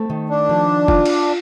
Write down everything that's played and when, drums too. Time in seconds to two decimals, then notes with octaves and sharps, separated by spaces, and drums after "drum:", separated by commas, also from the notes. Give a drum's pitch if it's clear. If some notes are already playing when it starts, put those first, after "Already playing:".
Already playing: A3 C4
0.10 D#3
0.30 D4
0.49 F3
0.88 F4, drum: kick
1.06 drum: cymbal